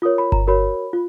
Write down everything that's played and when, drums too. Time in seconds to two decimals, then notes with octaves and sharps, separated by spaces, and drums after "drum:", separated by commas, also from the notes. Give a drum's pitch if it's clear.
0.02 F4 A#4 C#5 D#6
0.18 B5
0.32 A#5, drum: kick G1
0.47 F#4 A#4 C#5 B5
0.93 F4